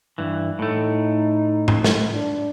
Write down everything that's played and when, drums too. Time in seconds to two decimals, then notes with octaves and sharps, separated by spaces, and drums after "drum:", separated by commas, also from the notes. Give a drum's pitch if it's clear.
0.18 G2 E3
0.59 A2 A3 D#4
1.68 drum: tom G#2
1.84 drum: snare
2.14 D4